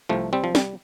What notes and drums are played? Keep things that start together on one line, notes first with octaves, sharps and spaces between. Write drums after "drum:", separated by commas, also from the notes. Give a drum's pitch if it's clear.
C2 C3 F3 A3
G3 C4
F3
G3, drum: snare